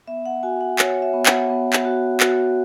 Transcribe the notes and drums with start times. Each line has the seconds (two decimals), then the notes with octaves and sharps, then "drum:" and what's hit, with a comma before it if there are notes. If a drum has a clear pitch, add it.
0.07 B3 E5
0.26 F#5
0.43 F#4 G#5
0.61 F#5
0.79 F#4 C#5, drum: clap
1.02 E5
1.14 B3
1.26 F#5, drum: clap
1.50 B3
1.73 drum: clap
1.85 F#4
2.20 F#4, drum: clap